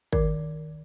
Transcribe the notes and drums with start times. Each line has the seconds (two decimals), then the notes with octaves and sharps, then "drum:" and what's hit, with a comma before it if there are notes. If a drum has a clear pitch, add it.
0.13 D#3 A#4, drum: kick G#1